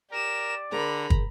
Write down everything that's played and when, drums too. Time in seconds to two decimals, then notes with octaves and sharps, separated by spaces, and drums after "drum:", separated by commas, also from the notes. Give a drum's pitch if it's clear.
0.11 G4 A#4 D5 E7
0.72 D3 G#4 A#4 C5 A#5 B5
1.10 drum: kick